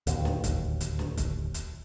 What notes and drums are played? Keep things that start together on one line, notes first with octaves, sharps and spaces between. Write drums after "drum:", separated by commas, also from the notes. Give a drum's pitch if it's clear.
D1 D#2, drum: hi-hat
drum: snare
drum: kick, hi-hat
drum: hi-hat
drum: snare
drum: kick, hi-hat
drum: hi-hat